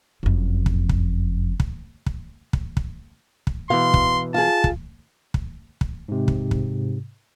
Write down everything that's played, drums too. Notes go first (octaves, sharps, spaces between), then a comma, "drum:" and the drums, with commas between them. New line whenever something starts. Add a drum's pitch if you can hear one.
F#1 F2
drum: kick
drum: kick
drum: kick
drum: kick
drum: kick
drum: kick
drum: kick
B2 E3 F5 C6
drum: kick
F4 G#4 A5
drum: kick
drum: kick
drum: kick
G#2 C3
drum: kick
drum: kick